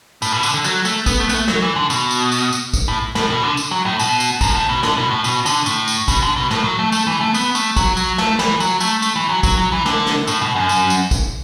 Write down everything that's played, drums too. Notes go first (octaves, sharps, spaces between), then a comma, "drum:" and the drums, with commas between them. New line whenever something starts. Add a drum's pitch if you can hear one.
A2, drum: tambourine
B2
D3, drum: tambourine
D3
F#3, drum: tambourine
A3, drum: tambourine
B3, drum: kick, tambourine
A3
B3, drum: tambourine
A3
F#3, drum: snare
E3
D3
B2, drum: tambourine
drum: tambourine
drum: tambourine
drum: tambourine
drum: kick, tambourine
A2
A2, drum: snare
B2
D3
drum: tambourine
F#3
A2
B2, drum: tambourine
drum: tambourine
F#2, drum: kick, tambourine
A2
B2
D3, drum: snare
B2
A2
B2, drum: tambourine
D3, drum: tambourine
A2, drum: tambourine
drum: tambourine
B2, drum: kick, tambourine
D3
B2
A2, drum: snare
F#3
A3
A3, drum: tambourine
E3
A3
B3, drum: tambourine
A3, drum: tambourine
F#3, drum: kick, tambourine
F#3, drum: tambourine
A3, drum: snare
E3, drum: snare
F#3, drum: tambourine
A3, drum: tambourine
A3, drum: tambourine
E3
F#3
F#3, drum: kick, tambourine
F#3
E3
D3, drum: snare
drum: snare
A2, drum: tambourine
B2
F#2
drum: tambourine
drum: tambourine
drum: kick, tambourine